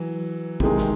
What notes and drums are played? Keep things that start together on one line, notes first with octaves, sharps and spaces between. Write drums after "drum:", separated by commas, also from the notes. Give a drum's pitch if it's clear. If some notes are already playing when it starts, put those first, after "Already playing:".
Already playing: E3 F#3
C3 D#3 G#3, drum: kick
drum: snare